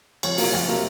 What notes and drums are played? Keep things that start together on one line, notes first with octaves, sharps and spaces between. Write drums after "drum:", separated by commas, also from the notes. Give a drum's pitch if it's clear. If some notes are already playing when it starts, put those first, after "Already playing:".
F2 C#5, drum: cymbal
C3 F#3 A#3, drum: open hi-hat
F2
C3 F#3 A#3